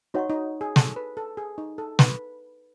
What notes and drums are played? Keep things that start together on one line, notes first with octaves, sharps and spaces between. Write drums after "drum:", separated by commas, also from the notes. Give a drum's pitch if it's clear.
D#4 F#4 C#5 F#5 C#6
D#4
G#4
A4, drum: snare
B4
A4
G#4
D#4
A4
B4, drum: snare